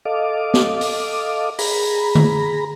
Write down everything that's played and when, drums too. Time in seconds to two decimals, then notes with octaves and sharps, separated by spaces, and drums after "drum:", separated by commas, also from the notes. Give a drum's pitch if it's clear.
0.05 A4 D#5 F5 D6
0.54 drum: snare
0.81 drum: open hi-hat
1.59 G#4 A#5 B5, drum: open hi-hat
2.15 drum: tom D3